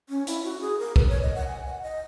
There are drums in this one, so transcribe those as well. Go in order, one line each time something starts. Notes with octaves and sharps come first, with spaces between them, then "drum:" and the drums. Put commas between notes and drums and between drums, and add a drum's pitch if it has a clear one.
C#4
E4, drum: hi-hat
F#4
G#4
A#4
B4, drum: kick B1
C#5
D#5
F#5
G#5
F#5
D#5